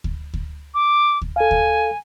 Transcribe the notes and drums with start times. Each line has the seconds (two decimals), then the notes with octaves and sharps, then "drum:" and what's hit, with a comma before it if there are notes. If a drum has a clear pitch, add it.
0.04 drum: kick D2
0.34 drum: kick D2
0.74 D6
1.22 drum: kick D2
1.36 A4 F5 G#5
1.51 drum: kick D2